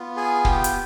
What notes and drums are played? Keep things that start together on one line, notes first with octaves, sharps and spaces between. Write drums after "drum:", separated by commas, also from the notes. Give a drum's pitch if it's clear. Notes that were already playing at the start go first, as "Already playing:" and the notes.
Already playing: B3 F4
G#4 G#5
G4 G5, drum: kick
drum: hi-hat